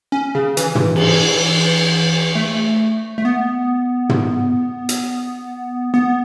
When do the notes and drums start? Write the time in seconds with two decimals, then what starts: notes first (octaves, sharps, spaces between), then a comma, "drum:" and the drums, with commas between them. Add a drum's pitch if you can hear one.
0.12 C#4
0.35 C#3
0.57 E3, drum: hi-hat
0.75 drum: tom
0.96 drum: cymbal
2.35 A3
3.18 A3
3.25 B3
4.09 drum: tom
4.89 drum: hi-hat
5.94 B3